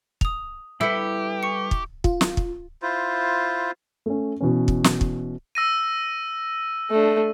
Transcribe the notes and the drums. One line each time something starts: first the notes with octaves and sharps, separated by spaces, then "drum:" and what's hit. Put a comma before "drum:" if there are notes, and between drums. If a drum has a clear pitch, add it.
D#6 F7, drum: kick
G3 E4 G4 A4 B4 E6 C#7
C#6 C#7
drum: kick
F4, drum: kick
drum: snare
drum: kick
E4 F4 C5
A3 C#4
B2 E3 C#4
drum: kick
drum: snare
drum: kick
E6 A#6 D#7
A3 D4